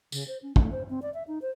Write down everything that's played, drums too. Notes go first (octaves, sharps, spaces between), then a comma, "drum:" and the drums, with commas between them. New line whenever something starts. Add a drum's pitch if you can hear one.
C#3, drum: tambourine
C5
C#4
A3, drum: kick
C5
C4
D5
E5
D#4
C5